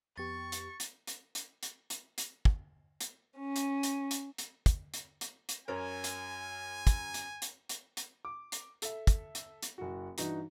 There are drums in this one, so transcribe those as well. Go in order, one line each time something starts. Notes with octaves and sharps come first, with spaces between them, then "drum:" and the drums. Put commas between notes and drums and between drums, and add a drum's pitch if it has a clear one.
F2 B3 G4 C#6 A6
drum: hi-hat
drum: hi-hat
drum: hi-hat
drum: hi-hat
drum: hi-hat
drum: hi-hat
drum: hi-hat
drum: kick
drum: hi-hat
C#4
drum: hi-hat
drum: hi-hat
drum: hi-hat
drum: hi-hat
drum: kick, hi-hat
drum: hi-hat
drum: hi-hat
drum: hi-hat
F#2 A#4 C#5 G#5
drum: hi-hat
drum: kick, hi-hat
drum: hi-hat
drum: hi-hat
drum: hi-hat
drum: hi-hat
D6
drum: hi-hat
A4 E5, drum: hi-hat
drum: kick, hi-hat
drum: hi-hat
drum: hi-hat
F#1 F#4
G2 E3 D#4 F#4, drum: hi-hat